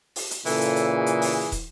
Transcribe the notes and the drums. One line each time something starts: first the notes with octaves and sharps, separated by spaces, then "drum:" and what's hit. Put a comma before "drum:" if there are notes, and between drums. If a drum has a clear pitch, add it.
drum: open hi-hat
drum: hi-hat
A#2 C#3 E3 A4, drum: open hi-hat
drum: hi-hat
drum: hi-hat
G#4
drum: hi-hat
drum: open hi-hat
drum: kick, hi-hat